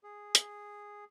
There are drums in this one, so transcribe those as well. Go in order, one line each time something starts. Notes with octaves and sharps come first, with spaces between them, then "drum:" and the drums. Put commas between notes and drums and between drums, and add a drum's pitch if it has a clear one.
G#4
drum: hi-hat